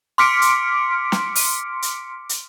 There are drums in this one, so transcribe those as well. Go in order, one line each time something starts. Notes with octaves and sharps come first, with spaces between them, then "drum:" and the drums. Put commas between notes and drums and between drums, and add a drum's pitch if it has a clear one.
C6 D6 F6 B6 C#7 D7
drum: hi-hat
drum: snare
drum: open hi-hat
drum: hi-hat
drum: hi-hat